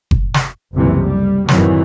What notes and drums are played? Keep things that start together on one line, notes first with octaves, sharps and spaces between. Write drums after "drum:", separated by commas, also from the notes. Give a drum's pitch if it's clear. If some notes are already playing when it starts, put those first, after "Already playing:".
drum: kick F#1
drum: snare
F#1 C2 F2 C3 E3
G3
F#2 A2 C3 D#3 E3 F#3, drum: snare